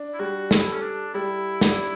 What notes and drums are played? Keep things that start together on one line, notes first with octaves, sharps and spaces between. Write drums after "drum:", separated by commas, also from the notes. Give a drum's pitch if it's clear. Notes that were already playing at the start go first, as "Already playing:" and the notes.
Already playing: D4
E4
G3 F#4
E4, drum: snare
A4
C#4
D4
G3 E4
D4, drum: snare